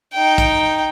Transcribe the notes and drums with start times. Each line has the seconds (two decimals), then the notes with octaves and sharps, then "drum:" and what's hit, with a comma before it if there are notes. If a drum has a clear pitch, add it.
0.14 D#4 G5
0.38 drum: kick, hi-hat